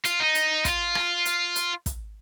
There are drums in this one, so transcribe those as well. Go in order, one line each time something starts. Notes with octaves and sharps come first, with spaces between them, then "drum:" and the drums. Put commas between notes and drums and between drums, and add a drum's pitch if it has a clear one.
F4, drum: hi-hat
D#4
drum: hi-hat
F4, drum: kick, hi-hat
drum: rim click
drum: hi-hat
drum: hi-hat
drum: kick, hi-hat